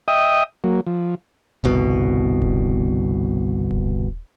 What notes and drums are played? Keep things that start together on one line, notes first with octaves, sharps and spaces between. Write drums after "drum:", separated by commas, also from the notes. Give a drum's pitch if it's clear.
D#5 E5 G5 D#6
F#3 A#3
F3
G1 C2 B2
drum: kick D#1
drum: kick D#1